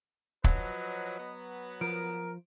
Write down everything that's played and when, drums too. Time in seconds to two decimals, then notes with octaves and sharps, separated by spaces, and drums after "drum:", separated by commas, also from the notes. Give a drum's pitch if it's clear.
0.44 F3 F#3 B4 D#5, drum: kick
1.20 F#3 B3
1.81 F3 A#4 D7